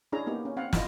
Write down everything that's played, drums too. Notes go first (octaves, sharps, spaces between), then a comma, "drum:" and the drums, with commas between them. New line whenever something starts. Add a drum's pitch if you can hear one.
C#4 D4 E4 G#4 C#5 A#5
A#3 B3 D#4 G4
C#4
C4 F5 F#5
E4 F4 D#5, drum: snare